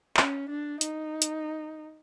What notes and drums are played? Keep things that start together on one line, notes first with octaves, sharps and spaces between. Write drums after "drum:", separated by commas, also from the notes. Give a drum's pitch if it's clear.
C#4, drum: clap
D4
D#4, drum: hi-hat
drum: hi-hat